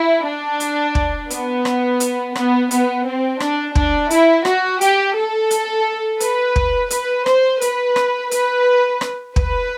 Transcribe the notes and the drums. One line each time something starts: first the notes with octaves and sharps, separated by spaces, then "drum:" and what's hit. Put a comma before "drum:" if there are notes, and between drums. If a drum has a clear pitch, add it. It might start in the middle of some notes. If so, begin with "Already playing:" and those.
Already playing: E4
D4
drum: hi-hat
drum: kick
B3, drum: hi-hat
drum: rim click
drum: hi-hat
B3, drum: rim click
B3, drum: hi-hat
C4
D4, drum: rim click
D4, drum: kick
E4, drum: hi-hat
F#4, drum: rim click
G4, drum: hi-hat
A4
drum: hi-hat
B4, drum: hi-hat
drum: kick
B4, drum: hi-hat
C5, drum: rim click
B4, drum: hi-hat
drum: rim click
B4, drum: hi-hat
drum: rim click
B4, drum: kick